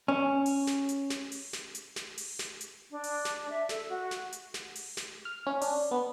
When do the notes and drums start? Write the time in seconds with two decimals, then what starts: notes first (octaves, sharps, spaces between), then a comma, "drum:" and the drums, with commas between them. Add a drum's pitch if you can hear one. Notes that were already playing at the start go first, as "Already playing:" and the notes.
0.08 C#4
0.46 drum: open hi-hat
0.67 drum: snare
0.89 drum: hi-hat
1.10 drum: snare
1.32 drum: open hi-hat
1.53 drum: snare
1.75 drum: hi-hat
1.96 drum: snare
2.18 drum: open hi-hat
2.39 drum: snare
2.61 drum: hi-hat
2.91 D4
3.04 drum: open hi-hat
3.25 drum: snare
3.50 E5
3.69 A4, drum: snare
3.89 F#4
4.11 drum: snare
4.33 drum: hi-hat
4.54 drum: snare
4.76 drum: open hi-hat
4.97 drum: snare
5.25 F6
5.47 C#4
5.61 D4, drum: open hi-hat
5.91 B3